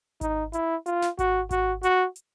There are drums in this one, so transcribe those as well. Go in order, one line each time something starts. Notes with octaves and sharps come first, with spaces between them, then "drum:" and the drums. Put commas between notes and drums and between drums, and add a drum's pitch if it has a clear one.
D#4, drum: kick G#1, hi-hat
E4, drum: hi-hat
F4, drum: hi-hat
drum: snare
F#4, drum: kick G#1, hi-hat
F#4, drum: kick G#1, hi-hat
F#4, drum: hi-hat
drum: hi-hat